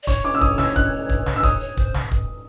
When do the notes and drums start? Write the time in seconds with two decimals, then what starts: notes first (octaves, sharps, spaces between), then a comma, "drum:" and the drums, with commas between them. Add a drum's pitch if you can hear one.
0.03 D5
0.07 C#5 C#6, drum: kick
0.24 D6
0.35 E6
0.41 D#6, drum: kick
0.58 E6, drum: snare
0.76 F#6, drum: kick
1.09 drum: kick
1.26 drum: snare
1.36 E6
1.43 C#5 D#6, drum: kick
1.60 C#5
1.77 C5, drum: kick
1.94 drum: snare
2.11 drum: kick